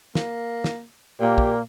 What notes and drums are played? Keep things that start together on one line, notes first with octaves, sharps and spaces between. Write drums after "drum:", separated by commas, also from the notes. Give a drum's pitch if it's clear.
A#3, drum: snare
drum: snare
A#2 A#3 G4
drum: kick